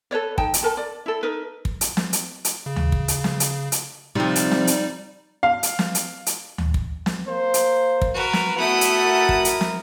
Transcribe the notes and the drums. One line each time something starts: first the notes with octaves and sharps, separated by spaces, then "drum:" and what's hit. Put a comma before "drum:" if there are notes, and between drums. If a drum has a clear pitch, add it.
A4 B4 C#5 D5
D#4 G5 A5, drum: kick
drum: hi-hat
A4 A#4 A5
D5
E4 A4
D#4 A#4 B4
drum: kick
drum: hi-hat
drum: snare
drum: hi-hat
drum: hi-hat
C#3
drum: tom D2
drum: kick
drum: hi-hat
drum: snare
drum: hi-hat
drum: hi-hat
C3 F3 G3 D#4 D5
drum: hi-hat
drum: snare
drum: hi-hat
F5
drum: hi-hat
drum: snare
drum: hi-hat
drum: hi-hat
drum: tom D2
drum: kick
drum: snare
A#3 C5
drum: hi-hat
drum: kick
F#4 A#4 B4
drum: snare
A3 B3 E4 F#4 F#5 A5 D#6
drum: hi-hat
A#4
drum: kick
drum: hi-hat
drum: snare